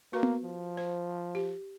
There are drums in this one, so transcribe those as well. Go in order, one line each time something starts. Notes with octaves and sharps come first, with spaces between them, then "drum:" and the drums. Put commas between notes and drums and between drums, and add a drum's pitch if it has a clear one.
A#3 F#4 B4
drum: tom B3
F3
C5
G4